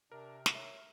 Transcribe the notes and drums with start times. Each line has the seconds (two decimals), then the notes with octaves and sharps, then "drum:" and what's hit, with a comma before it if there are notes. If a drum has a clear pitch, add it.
0.12 C3 D4 A#4
0.46 drum: snare
0.55 C#5 E5